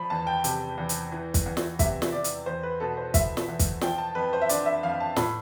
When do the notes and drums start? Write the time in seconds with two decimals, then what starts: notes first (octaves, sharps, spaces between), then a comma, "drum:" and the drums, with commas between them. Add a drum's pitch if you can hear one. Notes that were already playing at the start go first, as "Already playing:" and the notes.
Already playing: F3 B5
0.10 E2 A5
0.27 G5
0.44 C3, drum: hi-hat
0.78 E2
0.89 drum: hi-hat
1.12 E3
1.34 drum: kick, hi-hat
1.46 E2
1.57 drum: snare
1.79 C3 E5, drum: kick, hi-hat
2.02 drum: snare
2.13 E2 D5
2.24 drum: hi-hat
2.46 E2 C5
2.63 B4
2.80 B2 A4
2.97 C5
3.14 B2 E5, drum: kick, hi-hat
3.37 drum: snare
3.48 E2
3.59 drum: kick, hi-hat
3.81 F3 G5, drum: snare
3.98 A5
4.15 F2 B4
4.33 C5
4.41 E5
4.49 D3 D5, drum: hi-hat
4.66 E5
4.83 F2 F5
5.00 A5
5.16 A2 B5, drum: snare